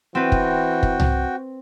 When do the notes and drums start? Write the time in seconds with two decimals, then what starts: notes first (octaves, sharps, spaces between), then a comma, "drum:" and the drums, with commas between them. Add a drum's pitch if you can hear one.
0.15 E3 C4 F#4 B4 G5
0.32 drum: kick
0.83 drum: kick
1.00 drum: tom C2